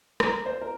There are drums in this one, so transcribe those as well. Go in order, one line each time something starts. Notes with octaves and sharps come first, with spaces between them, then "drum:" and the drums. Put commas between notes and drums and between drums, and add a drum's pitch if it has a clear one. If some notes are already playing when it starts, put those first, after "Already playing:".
A#4, drum: rim click
C5
A#4